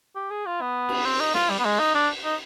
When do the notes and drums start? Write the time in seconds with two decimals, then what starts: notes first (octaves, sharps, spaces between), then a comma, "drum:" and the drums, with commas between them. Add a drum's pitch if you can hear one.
0.15 G4
0.31 G#4
0.46 F4
0.61 B3
0.89 drum: cymbal
1.05 C4
1.20 D#4
1.34 F4, drum: snare
1.50 G3
1.59 B3
1.65 G#3
1.79 D#4
1.95 D4
2.24 D#4